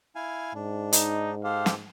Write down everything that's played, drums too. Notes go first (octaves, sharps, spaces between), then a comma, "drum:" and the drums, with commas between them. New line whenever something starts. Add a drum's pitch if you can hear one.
E4 F5 G#5
G#2 D4
D#4, drum: hi-hat
G4 A4 C5 F5
drum: snare